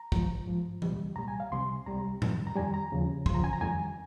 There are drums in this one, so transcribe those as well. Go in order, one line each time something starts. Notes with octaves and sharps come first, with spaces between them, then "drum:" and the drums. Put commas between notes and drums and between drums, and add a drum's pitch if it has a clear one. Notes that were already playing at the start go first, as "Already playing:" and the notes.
Already playing: A#5
G#2 F3, drum: kick
G#2 F3
C2 A#2 G3, drum: tom E3
C2 A#2 G3 A#5
G#5
F5
C2 C3 G3 C6
C2 C3 G3 A#5
F2 D#3 G3, drum: tom A2
A#5
F2 D#3 G3 G#5
A#5
D#2 C#3 F3
D#2 C#3 F3 C6, drum: kick
A#5
G#5
A#5
F2 D#3 G3 G#5